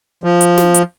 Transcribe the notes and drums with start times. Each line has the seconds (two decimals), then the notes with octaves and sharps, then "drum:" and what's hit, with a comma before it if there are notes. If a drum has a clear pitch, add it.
0.24 F3
0.41 drum: hi-hat
0.58 drum: snare
0.74 drum: hi-hat